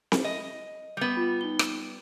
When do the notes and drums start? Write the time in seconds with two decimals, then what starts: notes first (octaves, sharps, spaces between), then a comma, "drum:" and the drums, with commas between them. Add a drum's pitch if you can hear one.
0.12 drum: snare C4
0.24 D#5
0.97 G3 B3 G6
1.17 F4
1.41 D#4 G7
1.59 drum: rim click